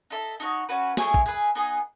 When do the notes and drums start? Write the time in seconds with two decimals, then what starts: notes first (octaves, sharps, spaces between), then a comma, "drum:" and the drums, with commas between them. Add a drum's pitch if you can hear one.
0.10 D#4 A4 E5
0.40 D#4 F#4 C#5
0.69 C#4 F#4 B4
0.97 A3 E4 G#4 C#5, drum: snare
1.14 drum: kick
1.26 G#4 B4 E5
1.55 B3 D#4 G#4 B4